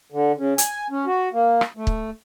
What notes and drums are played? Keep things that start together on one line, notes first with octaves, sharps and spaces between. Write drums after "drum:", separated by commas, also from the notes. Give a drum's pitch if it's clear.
D3
C#3
G#5, drum: hi-hat
C#4
F#4
A#3
drum: rim click
A3
drum: kick